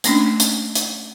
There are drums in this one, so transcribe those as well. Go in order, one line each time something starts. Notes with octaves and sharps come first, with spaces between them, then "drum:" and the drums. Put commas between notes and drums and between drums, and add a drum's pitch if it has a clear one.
A3 A#3 C#4 D4, drum: hi-hat
drum: hi-hat
drum: hi-hat